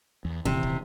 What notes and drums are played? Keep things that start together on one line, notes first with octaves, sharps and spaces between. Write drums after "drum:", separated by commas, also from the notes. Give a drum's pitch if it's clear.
E2
D#1 C3 E3, drum: kick
drum: kick